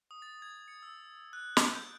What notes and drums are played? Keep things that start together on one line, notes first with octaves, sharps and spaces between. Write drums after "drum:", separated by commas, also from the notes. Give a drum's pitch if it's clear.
D#6
A6
G#6
C#7
E6
F#6
D7, drum: snare
G6